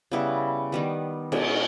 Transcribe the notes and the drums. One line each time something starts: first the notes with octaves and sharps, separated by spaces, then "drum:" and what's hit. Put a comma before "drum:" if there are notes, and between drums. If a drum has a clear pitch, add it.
C#3 G3 B3 E4
D#3 G3 B3
B2 G#3 C#4 E4, drum: cymbal